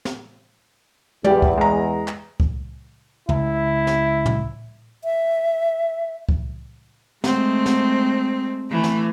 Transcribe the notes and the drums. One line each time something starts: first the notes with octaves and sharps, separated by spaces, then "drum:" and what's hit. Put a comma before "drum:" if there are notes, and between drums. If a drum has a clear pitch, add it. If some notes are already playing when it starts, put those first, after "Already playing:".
drum: snare
E2 G3 G4 D5, drum: tom
drum: kick C2
G#3 A#5
drum: clap
drum: kick C2
C#2 E4, drum: tom
drum: snare
drum: tom A#2
E5
drum: kick C2
G#3 A3 C4, drum: snare
drum: snare
E3 A3
drum: snare